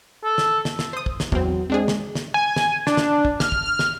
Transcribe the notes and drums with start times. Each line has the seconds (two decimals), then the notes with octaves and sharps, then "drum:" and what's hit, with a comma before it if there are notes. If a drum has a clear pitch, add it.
0.24 A4
0.38 drum: snare
0.65 drum: snare
0.79 drum: snare
0.93 C5 D#6
1.06 drum: kick
1.20 drum: snare
1.32 E2 F#3 C4, drum: kick
1.70 G#3 C4 D4 G#4
1.88 drum: snare
2.15 drum: snare
2.34 G#5
2.56 drum: snare
2.87 D4, drum: snare
2.97 drum: snare
3.25 drum: kick
3.40 F6, drum: snare
3.52 drum: kick
3.66 F6
3.79 drum: snare